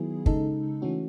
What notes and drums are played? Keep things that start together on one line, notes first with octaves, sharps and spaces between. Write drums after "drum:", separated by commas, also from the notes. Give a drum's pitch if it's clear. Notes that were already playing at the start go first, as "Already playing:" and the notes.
Already playing: D#3 F#3 B3 E4 G#4
C#3 G#3 D#4 A4, drum: kick
E3 A3 C#4 F#4